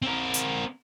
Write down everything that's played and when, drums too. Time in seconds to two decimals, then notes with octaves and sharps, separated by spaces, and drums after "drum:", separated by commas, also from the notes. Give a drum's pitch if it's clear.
0.02 C4 A#4
0.34 drum: hi-hat